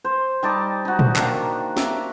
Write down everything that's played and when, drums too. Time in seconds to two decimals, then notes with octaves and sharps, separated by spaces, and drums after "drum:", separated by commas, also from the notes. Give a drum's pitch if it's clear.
0.04 C5
0.43 G3 D#4 A5 D6
0.85 D#4 F#4
0.99 drum: tom A#2
1.16 D#3 A#3 D4, drum: clap
1.77 E5 A#5, drum: snare